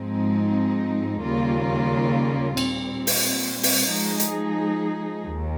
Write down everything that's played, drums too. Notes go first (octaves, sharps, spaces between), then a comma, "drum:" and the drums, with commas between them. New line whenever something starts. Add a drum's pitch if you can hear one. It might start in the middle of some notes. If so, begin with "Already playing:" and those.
Already playing: G#2 F3 G#3 C4 D#4
D#2 C#3 G3 A#3 F4
A#2 G3 C4, drum: cymbal
drum: open hi-hat
drum: open hi-hat
F3 G#3 D#4 G#4
drum: hi-hat
D#2